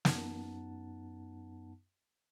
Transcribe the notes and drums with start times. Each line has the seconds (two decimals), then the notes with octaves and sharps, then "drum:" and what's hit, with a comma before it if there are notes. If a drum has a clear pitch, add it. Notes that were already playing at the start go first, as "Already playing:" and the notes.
0.05 F#2 B3 D#4 F#5 A5, drum: snare